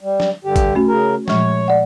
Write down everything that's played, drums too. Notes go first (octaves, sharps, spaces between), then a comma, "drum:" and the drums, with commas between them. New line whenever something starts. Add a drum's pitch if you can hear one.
G3
drum: snare F#3
G2 D3 G4
drum: kick, hi-hat
A3 C#4 F#4
C#3 A#4
A#2 F3 G#3 C#5, drum: snare F#3
D5 F#5